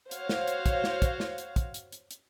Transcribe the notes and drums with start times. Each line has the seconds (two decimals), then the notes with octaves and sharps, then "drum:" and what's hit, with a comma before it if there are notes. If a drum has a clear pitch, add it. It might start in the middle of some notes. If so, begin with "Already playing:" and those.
0.11 F#4 C5 C#5 F5, drum: hi-hat
0.29 drum: snare
0.48 drum: hi-hat
0.66 drum: kick, hi-hat
0.84 drum: snare
1.02 drum: kick, hi-hat
1.20 drum: snare
1.38 drum: hi-hat
1.56 drum: kick, hi-hat
1.74 drum: hi-hat
1.92 drum: hi-hat
2.11 drum: hi-hat